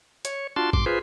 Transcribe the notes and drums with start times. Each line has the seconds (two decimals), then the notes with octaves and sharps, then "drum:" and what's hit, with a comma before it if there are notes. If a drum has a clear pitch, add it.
0.25 C#5, drum: hi-hat
0.56 D4 F4 F#4 A5 C6
0.73 G2 C6 D6, drum: kick
0.86 F4 G#4 B4 C5